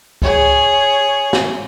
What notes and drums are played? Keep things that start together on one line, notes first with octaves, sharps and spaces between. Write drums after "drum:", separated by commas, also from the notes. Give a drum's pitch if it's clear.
G#4 C#5, drum: kick C2
drum: snare